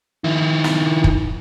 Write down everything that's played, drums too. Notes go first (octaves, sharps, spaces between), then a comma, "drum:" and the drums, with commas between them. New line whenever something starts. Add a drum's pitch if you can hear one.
D#3 E4
drum: snare
drum: kick